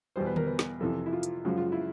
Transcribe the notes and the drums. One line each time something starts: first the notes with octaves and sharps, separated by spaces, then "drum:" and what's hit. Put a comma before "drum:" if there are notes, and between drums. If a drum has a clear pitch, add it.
E2 B2 G3 C5
B4
A#4, drum: tom D3
B4
drum: snare
F2 C3 E3 A4
E4
F4
drum: hi-hat
F#2 C#3 F3 G#3 F#4
F4
E4